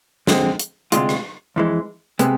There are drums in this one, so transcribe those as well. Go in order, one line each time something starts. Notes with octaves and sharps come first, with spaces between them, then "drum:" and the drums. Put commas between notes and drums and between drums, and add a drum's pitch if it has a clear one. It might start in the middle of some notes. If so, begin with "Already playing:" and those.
F2 D3 G#3 C4, drum: snare
drum: hi-hat
D2 C3 G#3 D4 F4, drum: hi-hat
drum: rim click
F2 E3 G#3
C3 G#3 B3, drum: hi-hat